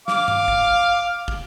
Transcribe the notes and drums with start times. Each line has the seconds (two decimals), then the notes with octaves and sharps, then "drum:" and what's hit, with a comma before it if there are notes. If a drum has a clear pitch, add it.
0.08 F5 D6, drum: snare
0.28 drum: tom G2
0.48 drum: kick
1.28 drum: kick